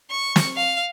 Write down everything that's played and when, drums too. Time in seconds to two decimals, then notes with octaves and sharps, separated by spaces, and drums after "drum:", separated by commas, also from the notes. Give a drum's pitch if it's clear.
0.10 C#6
0.36 drum: snare
0.56 F5